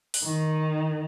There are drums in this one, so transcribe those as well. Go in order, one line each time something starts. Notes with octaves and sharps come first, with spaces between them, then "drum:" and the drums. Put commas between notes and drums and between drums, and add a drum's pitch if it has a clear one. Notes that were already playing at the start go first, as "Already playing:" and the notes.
drum: open hi-hat
D#3